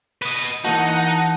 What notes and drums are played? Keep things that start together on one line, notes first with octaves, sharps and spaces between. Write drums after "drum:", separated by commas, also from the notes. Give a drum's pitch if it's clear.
B4 D#5, drum: open hi-hat
E3 A#3 D#4 F#4 F#5 A5 A#5